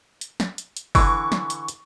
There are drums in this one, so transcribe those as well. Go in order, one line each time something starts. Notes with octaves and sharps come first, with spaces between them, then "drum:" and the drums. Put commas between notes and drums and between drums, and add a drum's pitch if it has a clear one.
drum: hi-hat
drum: snare
drum: hi-hat
drum: hi-hat
D3 E3 C#6, drum: kick F#1, open hi-hat
drum: snare
drum: hi-hat
drum: hi-hat